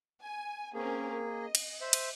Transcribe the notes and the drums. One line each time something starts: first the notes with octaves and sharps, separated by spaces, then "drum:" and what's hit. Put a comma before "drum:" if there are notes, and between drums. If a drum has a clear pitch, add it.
G#5
A#3 C4 C#4 G#4 A#4
D#5
drum: cymbal
C5 E5
drum: cymbal